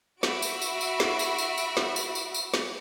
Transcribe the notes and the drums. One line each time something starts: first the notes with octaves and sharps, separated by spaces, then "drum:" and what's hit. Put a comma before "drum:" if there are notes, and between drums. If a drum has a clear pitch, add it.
F#4 E5 B5 D7, drum: snare
drum: tambourine
drum: tambourine
drum: tambourine
drum: snare
drum: tambourine
drum: tambourine
drum: tambourine
drum: snare
drum: tambourine
drum: tambourine
drum: tambourine
drum: snare